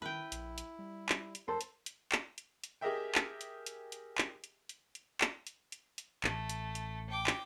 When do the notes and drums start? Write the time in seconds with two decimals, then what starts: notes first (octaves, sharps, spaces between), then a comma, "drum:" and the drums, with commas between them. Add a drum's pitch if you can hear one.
0.02 D#3 E4 B4 G5
0.32 A#1, drum: hi-hat
0.58 drum: hi-hat
0.79 G3
1.09 drum: clap
1.35 drum: hi-hat
1.48 F2 A4 A#4 C5 A5 C6
1.61 drum: hi-hat
1.86 drum: hi-hat
2.12 drum: clap
2.38 drum: hi-hat
2.64 drum: hi-hat
2.81 G4 G#4 A#4 D#5 E5 G5
3.15 drum: clap
3.41 drum: hi-hat
3.66 drum: hi-hat
3.92 drum: hi-hat
4.18 drum: clap
4.44 drum: hi-hat
4.69 drum: hi-hat
4.95 drum: hi-hat
5.21 drum: clap
5.47 drum: hi-hat
5.72 drum: hi-hat
5.98 drum: hi-hat
6.24 A1 A3, drum: clap
6.49 drum: hi-hat
6.75 drum: hi-hat
7.10 G5 D6
7.27 drum: clap